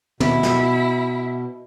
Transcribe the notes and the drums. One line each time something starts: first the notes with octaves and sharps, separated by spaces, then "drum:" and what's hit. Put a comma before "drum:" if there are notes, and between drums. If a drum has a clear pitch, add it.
B2 E4, drum: tom
drum: snare